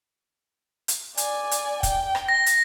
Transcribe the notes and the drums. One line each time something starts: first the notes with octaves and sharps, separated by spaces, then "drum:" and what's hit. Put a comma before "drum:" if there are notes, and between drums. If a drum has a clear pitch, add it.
drum: hi-hat
D5 G#5, drum: hi-hat
drum: hi-hat
G5, drum: kick, hi-hat
drum: rim click
A#6
drum: hi-hat